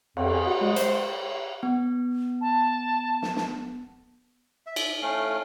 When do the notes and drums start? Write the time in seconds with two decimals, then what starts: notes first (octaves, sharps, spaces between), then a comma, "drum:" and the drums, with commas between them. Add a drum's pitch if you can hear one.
0.17 F2, drum: cymbal
0.33 G#4
0.47 F#4
0.61 G#3
0.76 C5, drum: hi-hat
1.63 B3
2.41 A5
3.22 drum: snare
3.36 drum: snare
4.66 E5
4.76 drum: cymbal
5.02 A3 C#4 F5